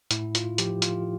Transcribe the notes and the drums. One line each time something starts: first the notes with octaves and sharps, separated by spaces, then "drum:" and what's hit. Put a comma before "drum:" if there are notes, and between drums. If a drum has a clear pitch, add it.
A2 E4, drum: hi-hat
F4, drum: hi-hat
F3 G4, drum: hi-hat
F4, drum: hi-hat